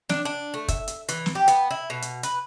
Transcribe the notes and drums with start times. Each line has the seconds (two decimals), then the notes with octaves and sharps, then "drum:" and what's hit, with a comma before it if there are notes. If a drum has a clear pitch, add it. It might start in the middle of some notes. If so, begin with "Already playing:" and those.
0.09 D4, drum: snare
0.25 D4
0.54 A3
0.68 E5, drum: kick, hi-hat
0.88 drum: hi-hat
1.09 E3, drum: hi-hat
1.26 drum: snare
1.35 G4
1.48 B3, drum: hi-hat
1.71 E4
1.90 B2
2.02 drum: hi-hat
2.23 B4, drum: hi-hat